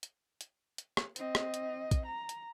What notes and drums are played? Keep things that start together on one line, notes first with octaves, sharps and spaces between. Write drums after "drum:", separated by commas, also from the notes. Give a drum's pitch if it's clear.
drum: hi-hat
drum: hi-hat
drum: hi-hat
drum: rim click
C4 D#5, drum: hi-hat
drum: rim click
drum: hi-hat
drum: kick, hi-hat
A#5
drum: hi-hat